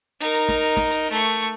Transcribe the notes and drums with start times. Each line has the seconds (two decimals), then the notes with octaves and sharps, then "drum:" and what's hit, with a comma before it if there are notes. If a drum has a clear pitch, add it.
0.20 D#4 A#4
0.34 drum: hi-hat
0.48 drum: snare
0.62 drum: open hi-hat
0.76 drum: snare
0.91 drum: hi-hat
1.11 A3 C#6